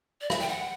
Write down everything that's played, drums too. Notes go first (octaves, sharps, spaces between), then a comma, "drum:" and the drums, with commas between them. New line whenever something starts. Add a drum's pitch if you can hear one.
D5
E5, drum: rim click
G5
F#5